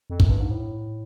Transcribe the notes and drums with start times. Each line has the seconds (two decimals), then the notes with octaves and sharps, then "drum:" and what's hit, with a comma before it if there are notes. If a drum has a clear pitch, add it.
0.10 F2
0.20 F#2, drum: kick
0.30 G2
0.40 G#2
0.51 A2